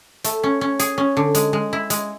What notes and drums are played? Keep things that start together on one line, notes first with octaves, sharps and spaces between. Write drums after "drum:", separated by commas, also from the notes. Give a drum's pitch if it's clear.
A3, drum: hi-hat
C#4
C#4
G#4, drum: hi-hat
C#4
D3
G#3, drum: hi-hat
G#3
E4
G#3, drum: hi-hat